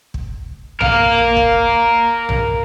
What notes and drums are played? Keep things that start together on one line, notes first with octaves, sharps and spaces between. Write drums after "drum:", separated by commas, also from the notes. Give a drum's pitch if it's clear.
drum: kick
A#4 F5, drum: tom A#1
drum: kick
drum: tom A#1